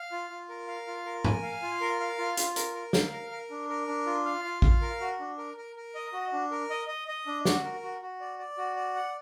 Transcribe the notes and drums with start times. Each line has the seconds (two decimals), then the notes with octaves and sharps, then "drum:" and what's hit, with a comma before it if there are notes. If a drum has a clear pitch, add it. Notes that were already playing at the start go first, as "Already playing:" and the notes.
Already playing: F5
0.12 F4
0.30 F4
0.49 A#4
0.68 F5
0.87 F4
1.06 A#4
1.25 G#5, drum: tom G#2
1.43 F5
1.62 F4
1.81 A#4
2.00 F5
2.18 F4
2.37 F4, drum: hi-hat
2.56 A#4, drum: hi-hat
2.75 A#4
2.93 F5, drum: snare
3.12 A#4
3.31 A#4
3.50 D4
3.69 A#4
3.87 D4
4.06 F4
4.25 F5
4.44 F4
4.62 F5, drum: kick A1
4.81 A#4
5.01 F#4
5.19 D4
5.38 A#4
5.57 A#4
5.76 A#4
5.95 D#5
6.13 F#4
6.32 D4
6.51 A#4
6.70 D#5
6.88 D#5
7.08 D#5
7.26 D4
7.45 F#4, drum: snare
7.64 A#4
7.82 F#4
8.02 F#4
8.20 D5
8.39 D5
8.58 F#4
8.76 D5
8.95 F#5